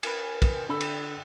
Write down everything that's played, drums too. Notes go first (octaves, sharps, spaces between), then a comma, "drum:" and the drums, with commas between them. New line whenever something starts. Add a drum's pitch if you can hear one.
A#4 B4 G#5, drum: cymbal
drum: kick, cymbal
D3 A4 B5 E6
drum: cymbal